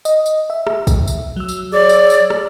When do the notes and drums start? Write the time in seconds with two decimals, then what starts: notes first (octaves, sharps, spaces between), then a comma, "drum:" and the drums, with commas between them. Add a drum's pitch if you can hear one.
0.05 D#5, drum: tambourine
0.26 drum: tambourine
0.50 E5
0.67 drum: rim click
0.87 drum: kick, tambourine
1.08 drum: tambourine
1.36 F#3 E6
1.48 drum: tambourine
1.73 G#4 C#5 D5
1.89 drum: tambourine
2.10 drum: tambourine
2.30 drum: rim click